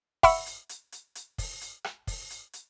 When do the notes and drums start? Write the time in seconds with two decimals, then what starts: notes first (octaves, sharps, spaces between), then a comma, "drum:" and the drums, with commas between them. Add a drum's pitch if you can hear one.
0.23 E5 F#5 B5 C#6 E6 C#7, drum: kick, open hi-hat
0.46 drum: hi-hat
0.69 drum: hi-hat
0.92 drum: hi-hat
1.15 drum: hi-hat
1.38 drum: kick, open hi-hat
1.61 drum: hi-hat
1.84 drum: rim click
2.07 drum: kick, open hi-hat
2.30 drum: hi-hat
2.53 drum: hi-hat